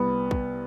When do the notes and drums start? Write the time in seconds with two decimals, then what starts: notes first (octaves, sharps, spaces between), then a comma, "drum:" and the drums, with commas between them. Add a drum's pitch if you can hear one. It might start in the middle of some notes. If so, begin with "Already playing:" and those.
Already playing: C2 B3
0.31 drum: kick